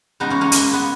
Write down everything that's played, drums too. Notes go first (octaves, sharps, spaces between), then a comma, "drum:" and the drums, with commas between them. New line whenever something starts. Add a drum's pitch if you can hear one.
C#3 E3 G#3 B3 D#4
A#3 C#4
A#3 C#4
C#3 G#3 A#3, drum: hi-hat
B3